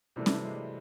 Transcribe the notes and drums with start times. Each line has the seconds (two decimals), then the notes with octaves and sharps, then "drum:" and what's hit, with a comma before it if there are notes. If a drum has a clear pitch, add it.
0.16 C3 E3 G3 A3 D4
0.26 F#3, drum: snare C#4
0.35 G3
0.45 G#3
0.54 G3